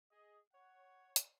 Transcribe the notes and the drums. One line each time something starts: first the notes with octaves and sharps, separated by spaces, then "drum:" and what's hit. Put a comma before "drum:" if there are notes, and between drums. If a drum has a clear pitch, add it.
G#4 D#5
C#5 F#5
drum: hi-hat